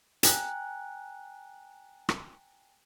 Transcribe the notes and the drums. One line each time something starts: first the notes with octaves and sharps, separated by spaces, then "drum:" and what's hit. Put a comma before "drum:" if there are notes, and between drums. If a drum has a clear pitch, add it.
G5 G#5 A#5 F#6, drum: hi-hat
drum: rim click